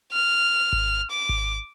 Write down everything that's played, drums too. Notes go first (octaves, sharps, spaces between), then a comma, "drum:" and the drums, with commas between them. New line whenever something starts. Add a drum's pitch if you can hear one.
F6
drum: kick G#1
D6
drum: kick G#1